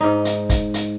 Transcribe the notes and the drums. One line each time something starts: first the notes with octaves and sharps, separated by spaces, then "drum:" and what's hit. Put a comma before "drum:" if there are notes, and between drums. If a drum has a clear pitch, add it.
G#2 D#4
drum: hi-hat
drum: kick, hi-hat
drum: hi-hat